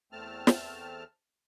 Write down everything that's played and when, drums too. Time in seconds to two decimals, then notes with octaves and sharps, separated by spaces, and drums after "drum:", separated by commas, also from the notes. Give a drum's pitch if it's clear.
0.12 E2 A3 C4 A5 F6
0.47 drum: snare